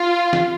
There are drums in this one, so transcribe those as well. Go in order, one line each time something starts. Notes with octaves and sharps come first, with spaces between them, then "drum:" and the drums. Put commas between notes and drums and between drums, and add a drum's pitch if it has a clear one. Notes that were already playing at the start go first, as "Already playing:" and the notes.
Already playing: F4
drum: snare